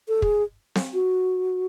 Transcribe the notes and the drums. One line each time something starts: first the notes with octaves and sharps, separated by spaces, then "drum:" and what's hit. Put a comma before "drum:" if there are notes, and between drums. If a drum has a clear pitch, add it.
A4
G#4, drum: kick
drum: snare C4
F#4